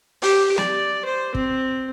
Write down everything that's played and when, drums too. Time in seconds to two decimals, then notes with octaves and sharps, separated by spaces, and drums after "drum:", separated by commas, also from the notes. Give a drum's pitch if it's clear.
0.22 G4, drum: open hi-hat
0.58 D5, drum: snare
1.05 C5
1.35 C4, drum: kick